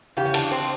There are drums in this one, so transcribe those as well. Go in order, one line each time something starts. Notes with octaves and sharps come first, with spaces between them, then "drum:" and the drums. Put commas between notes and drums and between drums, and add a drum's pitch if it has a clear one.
E2 C#3 G4
C#4
D4, drum: cymbal
C4